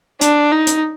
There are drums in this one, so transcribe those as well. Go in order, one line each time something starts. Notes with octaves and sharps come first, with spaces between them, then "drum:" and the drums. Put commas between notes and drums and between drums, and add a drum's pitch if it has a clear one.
D4, drum: hi-hat
D#4
drum: hi-hat